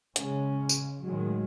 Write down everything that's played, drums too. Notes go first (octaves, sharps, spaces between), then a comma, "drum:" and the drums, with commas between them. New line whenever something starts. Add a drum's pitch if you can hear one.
C#3 G#3 C#4, drum: hi-hat
drum: tambourine
A2 D#3 F#3 G#3